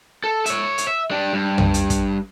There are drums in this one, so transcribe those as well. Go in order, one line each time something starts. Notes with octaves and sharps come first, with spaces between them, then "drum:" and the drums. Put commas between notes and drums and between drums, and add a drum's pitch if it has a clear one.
A4
C#5 E5, drum: hi-hat
drum: hi-hat
E5
D4 G4
G2
drum: tom
drum: hi-hat
drum: kick, hi-hat